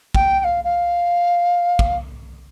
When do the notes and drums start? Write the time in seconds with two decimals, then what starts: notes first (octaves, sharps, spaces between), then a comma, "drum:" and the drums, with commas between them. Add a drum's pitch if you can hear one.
0.15 G5, drum: kick
0.39 G5
0.44 F5
0.64 F5
1.79 drum: kick